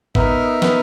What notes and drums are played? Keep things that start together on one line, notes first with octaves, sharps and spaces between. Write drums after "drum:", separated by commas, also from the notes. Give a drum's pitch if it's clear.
B3 D#4 A#4 E5, drum: kick G#1
B3, drum: snare